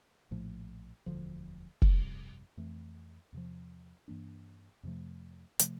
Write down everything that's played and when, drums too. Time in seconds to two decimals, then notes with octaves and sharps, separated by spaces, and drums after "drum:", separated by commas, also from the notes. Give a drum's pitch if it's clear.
0.31 A#1 A2 F3 A3
1.06 E1 D2 D3 F3
1.82 G1 F2 C3 G3, drum: kick
2.57 F2 E3 A3
3.32 E2 C3 F3
4.08 G2 E3 A#3 D4
4.83 F2 C3 F3 A3
5.59 C3 F3 A3, drum: hi-hat